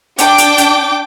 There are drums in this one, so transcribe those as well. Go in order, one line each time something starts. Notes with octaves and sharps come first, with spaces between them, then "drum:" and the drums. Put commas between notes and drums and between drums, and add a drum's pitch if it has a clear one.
D4 G5 D6, drum: hi-hat
drum: hi-hat
drum: hi-hat